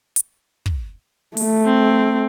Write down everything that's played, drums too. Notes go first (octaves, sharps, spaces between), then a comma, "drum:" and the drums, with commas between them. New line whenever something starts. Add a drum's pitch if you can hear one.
drum: hi-hat
drum: kick
A3, drum: open hi-hat
C4